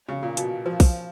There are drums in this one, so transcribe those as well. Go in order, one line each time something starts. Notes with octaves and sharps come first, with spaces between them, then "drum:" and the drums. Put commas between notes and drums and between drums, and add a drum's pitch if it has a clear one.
C#3
A#2
B2, drum: hi-hat
F3
F3, drum: kick, open hi-hat